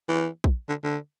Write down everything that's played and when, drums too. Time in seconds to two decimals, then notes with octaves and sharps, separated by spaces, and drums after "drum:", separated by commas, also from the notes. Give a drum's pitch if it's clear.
0.09 E3
0.44 drum: kick
0.69 D3
0.84 D3